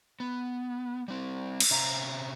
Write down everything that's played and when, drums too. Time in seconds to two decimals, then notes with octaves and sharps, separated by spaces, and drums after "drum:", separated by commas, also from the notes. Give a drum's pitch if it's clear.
0.20 B3
1.08 G3 C4
1.60 drum: cymbal
1.71 C3 C#4 E5 F5 A#5